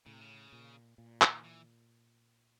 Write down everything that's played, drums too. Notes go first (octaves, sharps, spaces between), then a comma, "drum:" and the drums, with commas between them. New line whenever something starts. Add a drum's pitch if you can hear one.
A2 C#3
C3
C#3
A#2
A#2
D#3, drum: clap
E3